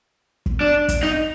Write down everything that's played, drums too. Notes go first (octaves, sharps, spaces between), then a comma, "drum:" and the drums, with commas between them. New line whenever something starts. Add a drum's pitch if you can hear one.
drum: kick
D4
drum: kick, hi-hat
D#4